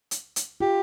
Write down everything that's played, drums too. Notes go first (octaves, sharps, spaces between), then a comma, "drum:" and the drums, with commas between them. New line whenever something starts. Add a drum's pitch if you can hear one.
drum: hi-hat
drum: hi-hat
F4 G4